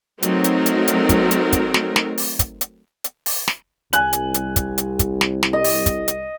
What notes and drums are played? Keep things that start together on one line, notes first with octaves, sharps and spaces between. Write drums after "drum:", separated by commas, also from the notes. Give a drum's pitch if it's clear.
F#3 A3 C4 D#4 A#4, drum: hi-hat
drum: hi-hat
drum: hi-hat
drum: hi-hat
drum: kick, hi-hat
drum: hi-hat
drum: kick, hi-hat
drum: snare
drum: snare
drum: open hi-hat
drum: kick, hi-hat
drum: hi-hat
drum: hi-hat
drum: open hi-hat
drum: snare
C2 G#5 F#6 F#7, drum: hi-hat
drum: hi-hat
drum: hi-hat
drum: kick, hi-hat
drum: hi-hat
drum: kick, hi-hat
drum: snare
drum: snare
D#5
drum: open hi-hat
drum: kick, hi-hat
drum: hi-hat